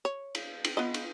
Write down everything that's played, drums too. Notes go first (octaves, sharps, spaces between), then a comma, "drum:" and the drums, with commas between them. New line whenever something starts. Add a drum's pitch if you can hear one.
C#5
drum: cymbal
drum: cymbal
B3 F4 D#5
drum: cymbal